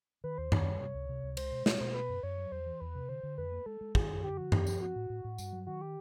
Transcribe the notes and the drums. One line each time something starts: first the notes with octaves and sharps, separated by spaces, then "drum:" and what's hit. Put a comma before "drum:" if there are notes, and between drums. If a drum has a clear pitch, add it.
D#3 B4
D#2 C5
D#3 C#5, drum: tom F#2
G3
C3
C#2
C3
C#2
G#3 C5, drum: cymbal
B2
B2 C#5, drum: snare
B2 C5
B3 B4
F#2
F#2 C#5
F#3
E2 C5
E3
E2 B4
C3
D3 C5
D3
F2 B4
A#3
G#3 A4
G#3
D#3 G#4, drum: kick
F#2
D3 G4
F3 F#4
F3 G4, drum: tom F#2
F3, drum: tambourine
C4 F#4
A2
A2
A2
G2, drum: tambourine
F#3
D#3 F#4
G4